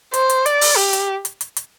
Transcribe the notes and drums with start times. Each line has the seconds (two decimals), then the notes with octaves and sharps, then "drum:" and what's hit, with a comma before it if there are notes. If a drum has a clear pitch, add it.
0.14 C5, drum: hi-hat
0.30 drum: hi-hat
0.46 D5, drum: hi-hat
0.61 drum: open hi-hat
0.77 G4
0.93 drum: hi-hat
1.25 drum: hi-hat
1.41 drum: hi-hat
1.57 drum: hi-hat